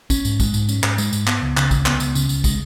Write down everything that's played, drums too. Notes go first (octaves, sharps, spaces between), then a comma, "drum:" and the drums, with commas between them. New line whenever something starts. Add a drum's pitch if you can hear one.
C#4, drum: kick, tambourine
G#2, drum: tambourine
G#3, drum: kick, tambourine
G#2, drum: tambourine
C#4, drum: tambourine
G#2, drum: clap
G#3, drum: tambourine
G#2, drum: tambourine
B3, drum: clap
C#2
C#3, drum: clap
C#2, drum: kick, tambourine
B3, drum: clap
C#2, drum: tambourine
C#3, drum: tambourine
C#2, drum: tambourine
G#3, drum: kick, tambourine